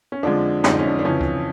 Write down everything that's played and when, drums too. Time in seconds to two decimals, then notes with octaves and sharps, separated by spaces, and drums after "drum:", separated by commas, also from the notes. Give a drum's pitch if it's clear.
0.12 C#4
0.23 F2 D3 F3 G#3 D4
0.64 F2 D3 F3 G#3 D#4, drum: snare
0.72 D4
0.79 C#4
0.87 D4
0.99 D4
1.05 F2 C#3 E3 C#4
1.21 drum: kick D2